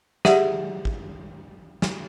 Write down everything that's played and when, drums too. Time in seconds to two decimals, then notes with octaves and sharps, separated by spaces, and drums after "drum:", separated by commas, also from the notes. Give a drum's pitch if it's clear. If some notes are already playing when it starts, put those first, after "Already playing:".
0.25 G4 G#4 D5 E5 F#5, drum: snare
0.85 drum: kick
1.82 drum: snare